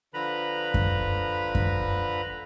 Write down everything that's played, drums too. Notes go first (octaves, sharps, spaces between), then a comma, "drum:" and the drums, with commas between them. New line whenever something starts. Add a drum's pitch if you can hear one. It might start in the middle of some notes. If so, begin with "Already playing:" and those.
D3 F3 B4 A#5 B5
drum: kick F#2
drum: kick F#2